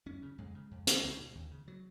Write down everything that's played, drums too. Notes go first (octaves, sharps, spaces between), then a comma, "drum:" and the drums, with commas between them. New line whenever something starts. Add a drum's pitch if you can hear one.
F#2 C#4
C#3
F2 G#3
C#3
F2
C#3, drum: hi-hat
C#2
B2
D#2
C#3
F#3